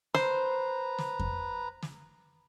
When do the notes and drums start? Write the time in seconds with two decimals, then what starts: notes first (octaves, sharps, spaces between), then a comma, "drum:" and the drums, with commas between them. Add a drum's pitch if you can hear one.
0.15 B4 C5 A#5, drum: snare
0.98 drum: snare
1.19 drum: kick F2
1.82 drum: snare